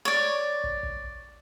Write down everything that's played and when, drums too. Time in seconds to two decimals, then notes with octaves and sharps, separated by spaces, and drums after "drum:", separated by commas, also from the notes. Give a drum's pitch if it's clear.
0.05 C#5 D5
0.64 drum: kick
0.83 drum: kick